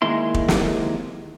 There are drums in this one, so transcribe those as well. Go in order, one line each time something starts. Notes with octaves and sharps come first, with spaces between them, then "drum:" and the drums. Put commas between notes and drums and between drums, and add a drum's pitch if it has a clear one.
D#3 G#3 A#3 E4 C6
drum: kick
drum: snare